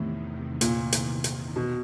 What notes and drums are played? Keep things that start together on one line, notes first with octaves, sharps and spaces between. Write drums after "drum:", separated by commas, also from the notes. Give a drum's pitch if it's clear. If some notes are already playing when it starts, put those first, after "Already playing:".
Already playing: E2 A2 C3 D#3
A#2, drum: hi-hat
drum: hi-hat
drum: hi-hat
B2